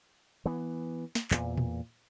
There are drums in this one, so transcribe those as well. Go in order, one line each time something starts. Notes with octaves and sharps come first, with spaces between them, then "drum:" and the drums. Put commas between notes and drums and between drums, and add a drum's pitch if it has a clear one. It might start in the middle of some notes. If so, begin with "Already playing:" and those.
E3 B3
drum: snare
E2 A#2, drum: clap
drum: tom A#2